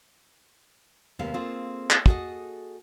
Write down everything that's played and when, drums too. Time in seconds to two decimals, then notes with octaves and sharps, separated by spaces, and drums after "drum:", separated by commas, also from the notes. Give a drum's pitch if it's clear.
1.19 D#2 C3 G#3 B3 F5
1.34 A#3 C4 F4 G#4 A4
1.90 drum: clap
2.06 F#4 G#4 A4 D#5, drum: kick